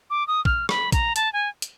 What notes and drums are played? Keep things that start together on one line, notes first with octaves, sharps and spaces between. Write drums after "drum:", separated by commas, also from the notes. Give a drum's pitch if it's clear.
D6
D#6
F6, drum: kick
B5, drum: rim click
A#5, drum: kick, hi-hat
A5, drum: hi-hat
G#5
drum: hi-hat